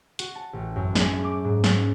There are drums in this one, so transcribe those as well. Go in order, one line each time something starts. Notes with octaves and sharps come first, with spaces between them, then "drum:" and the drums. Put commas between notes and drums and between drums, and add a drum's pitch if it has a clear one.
F#4, drum: hi-hat
A5
A1
F#2
G#4, drum: snare
D6
G#2
C#4, drum: snare